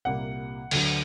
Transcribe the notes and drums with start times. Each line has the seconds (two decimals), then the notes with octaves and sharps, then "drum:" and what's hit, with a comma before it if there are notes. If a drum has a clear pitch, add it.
0.05 C2 A#2 G3 A#3 F#5
0.71 D2 D3 F#3, drum: cymbal